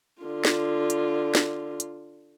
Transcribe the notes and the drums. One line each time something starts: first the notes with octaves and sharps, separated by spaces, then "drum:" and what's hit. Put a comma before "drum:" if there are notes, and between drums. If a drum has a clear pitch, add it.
D3 F4
drum: snare
drum: hi-hat
drum: snare
drum: hi-hat